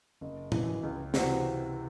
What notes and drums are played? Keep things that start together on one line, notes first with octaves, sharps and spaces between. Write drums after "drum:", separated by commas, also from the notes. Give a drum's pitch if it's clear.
F#1
F#2 E3, drum: tom
C#2
C3 E3 C4 F#4, drum: snare